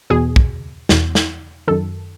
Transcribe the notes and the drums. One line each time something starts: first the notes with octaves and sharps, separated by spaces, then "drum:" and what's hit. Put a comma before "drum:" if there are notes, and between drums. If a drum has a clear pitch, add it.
E2 B2 G#4
drum: kick
E2 B2, drum: snare
drum: snare
F#2 D#3 A4